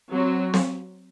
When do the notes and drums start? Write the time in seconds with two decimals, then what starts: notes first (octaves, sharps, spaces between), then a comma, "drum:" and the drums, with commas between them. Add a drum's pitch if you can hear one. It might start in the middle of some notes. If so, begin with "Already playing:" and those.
0.11 F#3 C4 F#4
0.54 drum: snare C4